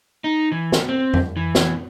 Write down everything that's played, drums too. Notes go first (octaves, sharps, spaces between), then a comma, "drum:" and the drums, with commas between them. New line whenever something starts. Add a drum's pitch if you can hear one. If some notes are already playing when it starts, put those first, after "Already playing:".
D#4
E3
drum: snare
C4
drum: tom F2
E3
drum: snare